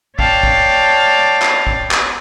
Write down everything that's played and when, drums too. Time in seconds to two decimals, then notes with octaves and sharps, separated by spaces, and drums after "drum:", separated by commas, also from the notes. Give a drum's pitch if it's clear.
0.19 C#5 D5 F5 G5 A5, drum: kick
0.43 drum: kick
1.42 drum: clap
1.67 drum: kick
1.91 drum: clap